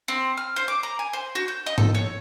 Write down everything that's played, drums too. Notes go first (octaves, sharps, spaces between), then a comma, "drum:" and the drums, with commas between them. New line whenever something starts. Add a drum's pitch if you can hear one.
C4
F6
C5
D6
A#5
G#5
C5
F#4
G6
D#5
A4, drum: tom G#2
C#5